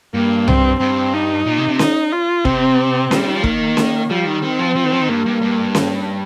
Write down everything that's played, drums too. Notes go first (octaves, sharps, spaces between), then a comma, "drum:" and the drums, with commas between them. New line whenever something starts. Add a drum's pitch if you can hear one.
G2 A#3
C4, drum: tom C2
G2 C4
D#4
A#2
C3
C3
D#4, drum: snare C#4
F4
C3 C4, drum: kick
A#2 G3, drum: snare C#4
C3
D#3
F3
D#3 A#3, drum: kick
drum: snare C#4
F3 G3
D#3
D#3 C4
F3
F3
D#3
F3
D#3
G2 A#3
G2
G2
drum: snare C#4